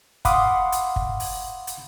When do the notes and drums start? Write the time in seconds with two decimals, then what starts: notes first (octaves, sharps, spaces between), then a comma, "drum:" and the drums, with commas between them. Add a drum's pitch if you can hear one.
0.25 F5 F#5 B5 C6 D6 D#6, drum: kick, hi-hat
0.72 drum: hi-hat
0.96 drum: kick
1.20 drum: open hi-hat
1.67 drum: hi-hat